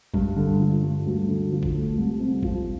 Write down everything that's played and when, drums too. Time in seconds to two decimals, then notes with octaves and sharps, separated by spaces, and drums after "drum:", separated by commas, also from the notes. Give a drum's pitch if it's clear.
0.14 G2, drum: kick G1
0.36 D3
0.59 F3
0.83 G2
1.05 D2
1.28 D3
1.51 F3
1.63 drum: kick G1
1.74 A3
1.97 C2
2.20 C3
2.43 F3, drum: kick G1